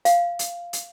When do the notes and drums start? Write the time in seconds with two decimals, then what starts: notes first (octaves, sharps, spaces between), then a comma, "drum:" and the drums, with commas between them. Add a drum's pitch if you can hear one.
0.05 F5, drum: hi-hat
0.39 drum: hi-hat
0.73 drum: hi-hat